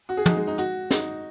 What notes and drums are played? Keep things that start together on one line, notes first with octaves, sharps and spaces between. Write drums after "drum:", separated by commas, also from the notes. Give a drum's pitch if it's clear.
F#4
G#4
D#4, drum: tom
G#3
D#4
F#4, drum: hi-hat
D#4, drum: snare